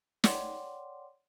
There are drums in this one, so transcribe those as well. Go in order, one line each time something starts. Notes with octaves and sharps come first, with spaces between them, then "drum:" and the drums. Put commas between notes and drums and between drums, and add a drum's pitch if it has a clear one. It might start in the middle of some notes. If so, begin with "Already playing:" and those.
C#5 D5 F#5 G5 C6 D6, drum: snare